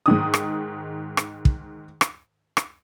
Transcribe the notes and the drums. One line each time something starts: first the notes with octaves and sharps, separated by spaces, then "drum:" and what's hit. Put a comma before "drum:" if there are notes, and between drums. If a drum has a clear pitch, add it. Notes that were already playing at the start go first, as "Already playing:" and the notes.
G#2 D#3 D#6
drum: rim click
drum: rim click
drum: kick
drum: rim click
drum: rim click